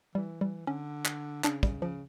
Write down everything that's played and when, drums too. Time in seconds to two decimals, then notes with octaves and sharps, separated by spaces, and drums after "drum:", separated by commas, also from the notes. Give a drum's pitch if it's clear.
0.15 E3 G3
0.41 E3 G3
0.67 D3 C#4
1.05 drum: clap
1.44 C#3 D4, drum: clap
1.63 C#3 G3, drum: kick
1.82 C#3 F3